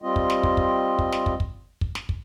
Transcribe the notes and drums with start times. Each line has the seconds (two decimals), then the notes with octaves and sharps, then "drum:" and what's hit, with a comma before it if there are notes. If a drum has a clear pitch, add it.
0.02 G3 C4 F4 D#5
0.16 drum: kick
0.30 drum: snare
0.43 drum: kick
0.57 drum: kick
0.99 drum: kick
1.12 drum: snare
1.26 drum: kick
1.40 drum: kick
1.81 drum: kick
1.95 drum: snare
2.09 drum: kick